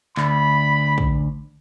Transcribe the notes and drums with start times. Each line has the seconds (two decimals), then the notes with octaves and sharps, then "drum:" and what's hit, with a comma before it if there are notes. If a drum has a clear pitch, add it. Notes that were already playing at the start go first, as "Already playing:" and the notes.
0.17 D2 B5, drum: clap
0.98 drum: kick